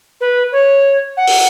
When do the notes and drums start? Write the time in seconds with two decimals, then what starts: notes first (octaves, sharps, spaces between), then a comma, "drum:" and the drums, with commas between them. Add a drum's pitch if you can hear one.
0.21 B4
0.52 C#5
1.17 F#5
1.27 drum: open hi-hat